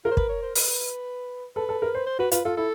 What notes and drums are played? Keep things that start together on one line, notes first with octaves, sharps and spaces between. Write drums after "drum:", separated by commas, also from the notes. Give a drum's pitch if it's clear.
F4 A#4
C5
B4, drum: kick
C#5
C5
B4, drum: open hi-hat
A4 B4
A4
A#4
C5
C5
F#4 B4
F4 B4, drum: hi-hat
F4 A4
E4 A4